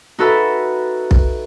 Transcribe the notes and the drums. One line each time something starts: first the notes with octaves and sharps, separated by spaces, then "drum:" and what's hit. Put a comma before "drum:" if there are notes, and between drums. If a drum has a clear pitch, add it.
D#4 F#4 A4 B4 E5
drum: kick B1